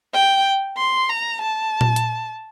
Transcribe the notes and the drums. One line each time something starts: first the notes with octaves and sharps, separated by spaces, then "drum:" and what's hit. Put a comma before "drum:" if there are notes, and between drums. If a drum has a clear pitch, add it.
G5
C6
A#5
A5
drum: tom A#2
drum: hi-hat